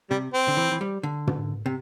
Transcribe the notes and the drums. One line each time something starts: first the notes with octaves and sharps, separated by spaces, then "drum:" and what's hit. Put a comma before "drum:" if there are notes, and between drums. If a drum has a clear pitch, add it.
C3 G3
C4
D3
E3
E3
G3
D3
drum: tom
C3